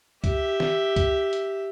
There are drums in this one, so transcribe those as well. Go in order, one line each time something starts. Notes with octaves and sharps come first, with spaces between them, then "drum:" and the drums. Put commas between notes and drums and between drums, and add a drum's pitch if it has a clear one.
G4 E5, drum: kick C#2, hi-hat
drum: snare
drum: kick C#2, hi-hat
drum: hi-hat